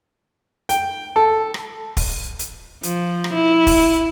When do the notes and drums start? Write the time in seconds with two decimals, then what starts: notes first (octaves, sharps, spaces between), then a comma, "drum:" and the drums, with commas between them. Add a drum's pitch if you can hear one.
0.69 G5, drum: hi-hat
1.16 A4 A5
1.54 drum: rim click
1.97 drum: kick, open hi-hat
2.39 drum: hi-hat
2.83 F3, drum: hi-hat
3.24 drum: rim click
3.34 E4
3.67 drum: kick, open hi-hat